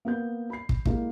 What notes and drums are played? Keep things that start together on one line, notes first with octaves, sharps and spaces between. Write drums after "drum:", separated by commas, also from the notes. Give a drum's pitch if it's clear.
A#3 B3 G6
B5 C7
drum: kick
G#3 A#3 E4 A#4, drum: kick